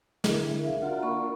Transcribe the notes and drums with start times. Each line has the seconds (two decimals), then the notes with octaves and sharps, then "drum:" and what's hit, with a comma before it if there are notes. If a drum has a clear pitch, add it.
0.24 D3 E4 G#4 A#4, drum: snare
0.65 E5 F5
0.82 D4 F4 F#4 A#4 F#5
1.02 A#3 B5 C#6